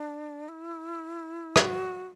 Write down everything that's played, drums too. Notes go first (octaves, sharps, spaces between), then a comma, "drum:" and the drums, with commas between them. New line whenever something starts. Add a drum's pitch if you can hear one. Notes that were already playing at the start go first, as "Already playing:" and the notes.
Already playing: D4
E4
F#4, drum: rim click